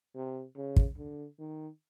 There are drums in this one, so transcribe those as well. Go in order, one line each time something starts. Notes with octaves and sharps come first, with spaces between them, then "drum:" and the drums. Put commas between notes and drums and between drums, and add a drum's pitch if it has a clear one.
C3
C#3
drum: kick
D3
D#3